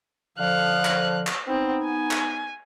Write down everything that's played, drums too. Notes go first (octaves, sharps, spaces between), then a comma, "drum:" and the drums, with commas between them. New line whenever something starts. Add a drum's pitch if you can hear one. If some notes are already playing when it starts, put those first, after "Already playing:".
D3 F3 F5 F#6
drum: clap
drum: clap
B3 C4 D#4
G#5
drum: clap